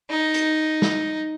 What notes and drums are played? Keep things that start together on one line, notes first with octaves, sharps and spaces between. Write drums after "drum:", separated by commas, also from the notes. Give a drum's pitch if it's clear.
D#4
drum: hi-hat
drum: snare